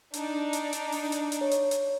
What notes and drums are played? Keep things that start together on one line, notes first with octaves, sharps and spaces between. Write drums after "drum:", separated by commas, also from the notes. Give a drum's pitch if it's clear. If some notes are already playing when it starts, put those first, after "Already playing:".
D4 D#4 D5, drum: hi-hat
drum: hi-hat
drum: hi-hat
drum: open hi-hat
drum: hi-hat
drum: hi-hat
C#5
drum: hi-hat
drum: hi-hat